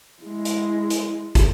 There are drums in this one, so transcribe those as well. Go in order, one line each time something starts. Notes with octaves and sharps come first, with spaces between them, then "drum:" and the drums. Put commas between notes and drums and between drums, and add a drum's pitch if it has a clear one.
G#3 E4
drum: hi-hat
drum: hi-hat
drum: kick, hi-hat